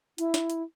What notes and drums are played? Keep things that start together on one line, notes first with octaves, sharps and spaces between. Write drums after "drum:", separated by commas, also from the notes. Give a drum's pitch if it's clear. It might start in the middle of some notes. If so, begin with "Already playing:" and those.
E4, drum: hi-hat
drum: snare
drum: hi-hat